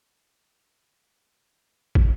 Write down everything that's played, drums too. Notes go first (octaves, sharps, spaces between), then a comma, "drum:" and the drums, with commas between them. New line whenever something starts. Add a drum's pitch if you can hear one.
G#4 C#5
B3 B4 G#5
G#3 G4
drum: kick